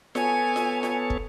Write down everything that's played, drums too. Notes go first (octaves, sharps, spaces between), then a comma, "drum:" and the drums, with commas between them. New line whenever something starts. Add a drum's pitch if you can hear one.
B3 A4 C#5 G#5, drum: snare F4
drum: snare F4
drum: snare F4
drum: kick